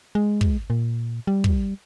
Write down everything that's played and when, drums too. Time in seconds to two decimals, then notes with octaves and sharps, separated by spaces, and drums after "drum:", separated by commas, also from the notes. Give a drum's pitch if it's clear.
0.15 G#3
0.41 drum: kick
0.70 A#2
1.27 G3
1.44 drum: kick